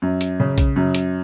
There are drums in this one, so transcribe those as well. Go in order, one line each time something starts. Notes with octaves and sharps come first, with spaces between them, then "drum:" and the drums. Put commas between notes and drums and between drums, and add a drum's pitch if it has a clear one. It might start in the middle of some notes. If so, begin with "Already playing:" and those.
F#2
drum: hi-hat
C#3
drum: kick A#1, hi-hat
F#2
drum: hi-hat